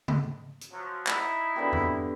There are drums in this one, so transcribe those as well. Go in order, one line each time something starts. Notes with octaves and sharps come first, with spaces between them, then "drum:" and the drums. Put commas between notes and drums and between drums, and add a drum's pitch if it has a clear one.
drum: tom C#3
drum: hi-hat
F3 F#3
D#4 E4, drum: clap
D3 B3 G4
drum: tom F2